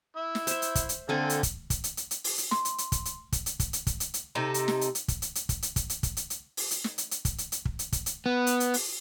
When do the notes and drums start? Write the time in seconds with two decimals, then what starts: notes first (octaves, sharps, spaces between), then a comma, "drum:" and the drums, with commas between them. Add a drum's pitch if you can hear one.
0.16 E4 E6
0.35 drum: snare
0.47 C5 E5, drum: hi-hat
0.62 drum: hi-hat
0.75 drum: kick, hi-hat
0.89 drum: hi-hat
1.09 D3 A#3 C4 A4 G#5
1.30 drum: hi-hat
1.43 drum: kick, hi-hat
1.70 drum: kick, hi-hat
1.84 drum: hi-hat
1.97 drum: hi-hat
2.11 drum: hi-hat
2.24 drum: open hi-hat
2.38 drum: hi-hat
2.51 C6, drum: snare
2.65 drum: hi-hat
2.78 drum: hi-hat
2.92 drum: kick, hi-hat
3.05 drum: hi-hat
3.32 drum: kick, hi-hat
3.46 drum: hi-hat
3.60 drum: kick, hi-hat
3.73 drum: hi-hat
3.87 drum: kick, hi-hat
4.00 drum: hi-hat
4.14 drum: hi-hat
4.35 C3 D#4 A4
4.54 drum: hi-hat
4.68 drum: snare
4.81 drum: hi-hat
4.95 drum: hi-hat
5.08 drum: kick, hi-hat
5.22 drum: hi-hat
5.35 drum: hi-hat
5.49 drum: kick, hi-hat
5.62 drum: hi-hat
5.76 drum: kick, hi-hat
5.90 drum: hi-hat
6.03 drum: kick, hi-hat
6.17 drum: hi-hat
6.30 drum: hi-hat
6.57 drum: open hi-hat
6.71 drum: hi-hat
6.84 drum: snare
6.98 drum: hi-hat
7.11 drum: hi-hat
7.25 drum: kick, hi-hat
7.38 drum: hi-hat
7.52 drum: hi-hat
7.65 drum: kick
7.79 drum: hi-hat
7.92 drum: kick, hi-hat
8.06 drum: hi-hat
8.26 B3
8.47 drum: hi-hat
8.60 drum: hi-hat
8.74 drum: open hi-hat